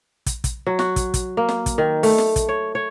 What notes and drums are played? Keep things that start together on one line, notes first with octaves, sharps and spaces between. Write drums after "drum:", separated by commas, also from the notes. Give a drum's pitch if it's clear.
drum: kick, hi-hat
drum: kick, hi-hat
F#3
F#4, drum: snare
drum: kick, hi-hat
drum: kick, hi-hat
A#3
drum: snare
drum: kick, hi-hat
D#3
A3, drum: open hi-hat
drum: snare
drum: kick, hi-hat
C#5
C#5